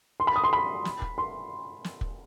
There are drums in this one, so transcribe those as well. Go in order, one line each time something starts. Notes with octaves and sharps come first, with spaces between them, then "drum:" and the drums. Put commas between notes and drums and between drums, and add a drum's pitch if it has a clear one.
C6
B5
D#6
C6
B5
drum: snare
drum: kick
C6
drum: snare
drum: kick